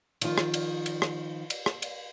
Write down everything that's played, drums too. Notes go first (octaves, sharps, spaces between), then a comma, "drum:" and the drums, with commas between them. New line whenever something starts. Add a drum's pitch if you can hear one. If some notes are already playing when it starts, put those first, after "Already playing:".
D#3 F3 F4, drum: cymbal
drum: rim click
drum: cymbal
drum: cymbal
drum: rim click
drum: cymbal
drum: rim click
drum: cymbal